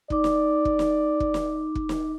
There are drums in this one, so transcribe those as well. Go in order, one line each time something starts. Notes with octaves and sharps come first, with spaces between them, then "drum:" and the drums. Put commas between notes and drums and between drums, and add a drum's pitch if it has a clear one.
D#4 D5 D6, drum: kick
drum: snare
drum: kick
drum: snare
drum: kick
drum: snare
drum: kick
drum: snare